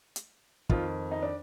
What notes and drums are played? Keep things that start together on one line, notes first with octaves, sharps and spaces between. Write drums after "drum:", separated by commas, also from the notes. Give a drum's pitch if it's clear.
drum: hi-hat
F2 D#3 F4, drum: kick
D#4
D4